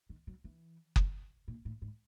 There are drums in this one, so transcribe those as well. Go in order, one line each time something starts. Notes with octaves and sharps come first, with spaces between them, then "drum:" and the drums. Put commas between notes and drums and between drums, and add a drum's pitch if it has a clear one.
D#3
F#3
E3
drum: kick F#1
A#2
A2
G#2